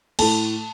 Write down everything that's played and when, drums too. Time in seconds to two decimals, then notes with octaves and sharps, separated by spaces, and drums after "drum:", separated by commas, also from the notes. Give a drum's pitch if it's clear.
0.19 A2 A3 A5, drum: cymbal